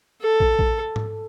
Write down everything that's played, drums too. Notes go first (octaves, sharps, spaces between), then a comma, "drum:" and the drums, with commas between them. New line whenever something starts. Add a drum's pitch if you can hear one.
A4
drum: kick
drum: kick
drum: tom G#2